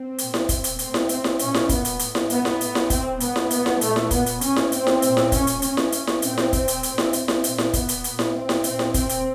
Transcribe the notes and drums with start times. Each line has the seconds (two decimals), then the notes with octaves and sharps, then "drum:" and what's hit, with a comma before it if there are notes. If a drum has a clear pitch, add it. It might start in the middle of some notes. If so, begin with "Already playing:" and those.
Already playing: C4
0.18 A#2, drum: hi-hat
0.34 drum: snare E4
0.49 drum: kick, hi-hat
0.64 drum: hi-hat
0.79 A2 C4, drum: hi-hat
0.94 drum: snare E4
1.09 C4, drum: hi-hat
1.24 drum: snare E4
1.39 A#2 C#4, drum: hi-hat
1.54 drum: snare E4
1.69 B3, drum: kick, hi-hat
1.85 drum: hi-hat
1.99 A2, drum: hi-hat
2.15 drum: snare E4
2.30 B3, drum: hi-hat
2.45 drum: snare E4
2.61 A2, drum: hi-hat
2.75 drum: snare E4
2.90 C4, drum: kick, hi-hat
3.20 A2 B3, drum: hi-hat
3.36 drum: snare E4
3.51 B3, drum: hi-hat
3.66 drum: snare E4
3.81 A#2 A3, drum: hi-hat
3.96 drum: snare E4
4.11 B3, drum: kick, hi-hat
4.26 drum: hi-hat
4.41 A2 C#4, drum: hi-hat
4.56 drum: snare E4
4.72 C4, drum: hi-hat
4.87 drum: snare E4
5.02 A#2, drum: hi-hat
5.17 drum: snare E4
5.32 C#4, drum: kick, hi-hat
5.47 drum: hi-hat
5.62 A2 C#4, drum: hi-hat
5.77 drum: snare E4
5.92 drum: hi-hat
6.07 drum: snare E4
6.22 A#2 C4, drum: hi-hat
6.38 drum: snare E4
6.53 drum: kick, hi-hat
6.68 drum: hi-hat
6.83 A2, drum: hi-hat
6.98 drum: snare E4
7.13 C4, drum: hi-hat
7.28 drum: snare E4
7.44 A#2, drum: hi-hat
7.58 drum: snare E4
7.73 B3, drum: kick, hi-hat
7.89 drum: hi-hat
8.04 A#2, drum: hi-hat
8.19 drum: snare E4
8.34 C4
8.49 drum: snare E4
8.64 A#2 C4, drum: hi-hat
8.79 drum: snare E4
8.94 C4, drum: kick, hi-hat
9.09 drum: hi-hat